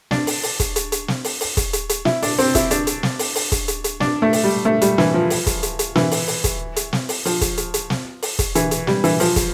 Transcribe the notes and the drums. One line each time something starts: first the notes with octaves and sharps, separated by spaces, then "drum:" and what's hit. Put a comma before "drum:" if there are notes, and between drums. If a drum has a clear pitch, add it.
D4, drum: snare
drum: open hi-hat
drum: open hi-hat
drum: kick, hi-hat
drum: hi-hat
drum: hi-hat
drum: snare
drum: open hi-hat
drum: open hi-hat
drum: kick, hi-hat
drum: hi-hat
drum: hi-hat
E4, drum: snare
D4, drum: open hi-hat
C4, drum: open hi-hat
E4, drum: kick, hi-hat
D4, drum: hi-hat
drum: hi-hat
drum: snare
drum: open hi-hat
drum: open hi-hat
drum: kick, hi-hat
drum: hi-hat
drum: hi-hat
D4, drum: snare
A3
drum: open hi-hat
G3
A3
G3, drum: hi-hat
E3, drum: snare
F3
drum: open hi-hat
drum: kick, hi-hat
drum: hi-hat
drum: hi-hat
E3, drum: snare
drum: open hi-hat
drum: open hi-hat
drum: kick, hi-hat
drum: hi-hat
drum: snare
drum: open hi-hat
F3, drum: open hi-hat
drum: kick, hi-hat
drum: hi-hat
drum: hi-hat
drum: snare
drum: open hi-hat
drum: kick, hi-hat
E3, drum: hi-hat
drum: hi-hat
G3, drum: snare
E3, drum: open hi-hat
F3, drum: open hi-hat
drum: kick, hi-hat